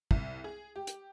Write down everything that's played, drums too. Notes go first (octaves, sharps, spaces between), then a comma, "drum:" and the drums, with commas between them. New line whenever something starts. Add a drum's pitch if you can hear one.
C2, drum: kick
G#4
G4
drum: hi-hat